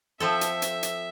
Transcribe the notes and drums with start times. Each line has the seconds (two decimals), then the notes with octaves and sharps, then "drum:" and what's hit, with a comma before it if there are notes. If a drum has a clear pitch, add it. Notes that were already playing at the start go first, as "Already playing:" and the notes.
0.20 F3 C4 A4 E5
0.41 drum: hi-hat
0.62 drum: hi-hat
0.83 drum: hi-hat